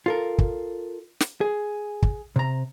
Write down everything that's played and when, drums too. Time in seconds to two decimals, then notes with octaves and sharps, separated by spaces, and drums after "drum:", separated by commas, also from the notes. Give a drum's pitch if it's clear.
0.06 F4 A4 A#4
0.38 drum: kick
1.20 drum: snare
1.41 G#4
2.03 drum: kick
2.36 C3 A#5